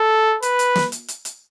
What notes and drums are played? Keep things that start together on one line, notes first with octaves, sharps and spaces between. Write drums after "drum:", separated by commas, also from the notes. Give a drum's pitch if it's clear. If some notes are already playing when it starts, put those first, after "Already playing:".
Already playing: A4
B4, drum: hi-hat
drum: hi-hat
drum: snare
drum: hi-hat
drum: hi-hat
drum: hi-hat